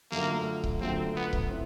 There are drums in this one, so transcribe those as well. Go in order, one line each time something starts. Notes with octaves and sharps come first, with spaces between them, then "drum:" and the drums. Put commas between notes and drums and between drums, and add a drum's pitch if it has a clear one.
F#2 D3 F3 A3 A#3
drum: kick C#1
F#2 D3 F3 A3 C4
B3
drum: kick C#1
C4 E4